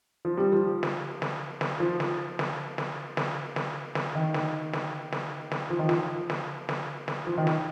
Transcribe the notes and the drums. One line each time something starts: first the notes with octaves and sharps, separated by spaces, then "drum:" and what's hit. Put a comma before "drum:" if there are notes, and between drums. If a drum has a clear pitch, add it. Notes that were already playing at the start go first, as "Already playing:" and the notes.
F3
G3
F3
drum: snare
drum: snare
drum: snare
F3
drum: snare
drum: snare
drum: snare
drum: snare
drum: snare
drum: snare
D#3
drum: snare
drum: snare
drum: snare
drum: snare
F3
D#3
F3, drum: snare
drum: snare
drum: snare
drum: snare
F3
D#3
drum: snare